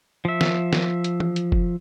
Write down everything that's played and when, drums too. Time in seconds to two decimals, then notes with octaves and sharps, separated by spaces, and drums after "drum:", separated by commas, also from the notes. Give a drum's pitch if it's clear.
0.25 F3 E5
0.41 drum: snare
0.73 drum: snare
1.04 drum: hi-hat
1.20 drum: tom E3
1.36 drum: hi-hat
1.52 drum: kick